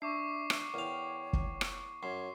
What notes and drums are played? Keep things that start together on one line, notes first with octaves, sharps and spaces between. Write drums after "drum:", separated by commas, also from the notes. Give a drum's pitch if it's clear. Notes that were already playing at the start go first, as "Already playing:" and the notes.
D4 E5 C#6 D6 C7
drum: rim click
E2 A#4 C#5 F5 G5
drum: kick
drum: rim click
F#2 C#5 C6 C7